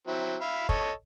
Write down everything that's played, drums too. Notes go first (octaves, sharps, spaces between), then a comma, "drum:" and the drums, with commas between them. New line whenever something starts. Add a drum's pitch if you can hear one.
F#3 C4 E4
E5 F5 B5
A4 C#5 D#5, drum: kick